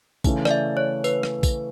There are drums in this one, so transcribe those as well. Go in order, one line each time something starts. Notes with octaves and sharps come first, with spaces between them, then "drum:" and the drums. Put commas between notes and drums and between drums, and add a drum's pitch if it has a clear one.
C#3 E3 A3 C#4, drum: kick, tambourine
D5, drum: rim click
E5
C#5
B4, drum: tambourine
drum: rim click
drum: kick, tambourine